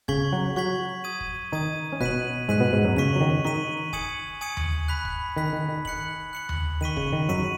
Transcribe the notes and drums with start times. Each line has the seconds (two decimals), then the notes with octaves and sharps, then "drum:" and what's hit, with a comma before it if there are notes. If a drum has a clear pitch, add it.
0.08 C#3 C#4 C#6 G#6 B6 F#7, drum: kick
0.33 F#3 F#4
0.56 F#3 F#4 C#6 G#6 B6 F#7
1.04 D#6 G#6 D#7
1.21 drum: kick
1.52 D#3 D#4 D#6 G#6 D#7
1.93 C#4
2.01 B2 B3 F#6 B6 D#7 F#7, drum: kick
2.49 G#2 G#3 F#6 B6 D#7 F#7
2.60 B2 B3
2.73 G#2 G#3
2.85 F#2 F#3
2.96 C#3 C#6 B6 D#7 F#7
3.16 F#3
3.21 D#3
3.45 D#3 D#4 C#6 B6 D#7 F#7
3.93 G#5 D#6 G#6 C#7 F#7, drum: kick
4.41 G#5 D#6 G#6 C#7 F#7
4.57 drum: tom D#2
4.88 B5 F#6 B6
5.05 drum: kick
5.37 D#3 B5 F#6 B6
5.53 D#3
5.69 D#3
5.85 F#6 C#7 F#7, drum: kick
6.33 F#6 C#7 F#7
6.49 drum: tom D#2
6.81 D#3 C#6 B6 D#7 F#7
6.97 C#3, drum: kick
7.13 D#3
7.29 F#2 F#3 C#6 B6 D#7 F#7